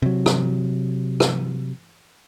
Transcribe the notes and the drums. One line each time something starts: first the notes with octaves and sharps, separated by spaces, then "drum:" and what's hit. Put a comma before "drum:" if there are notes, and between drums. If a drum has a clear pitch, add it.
C3 F#3
drum: rim click
drum: rim click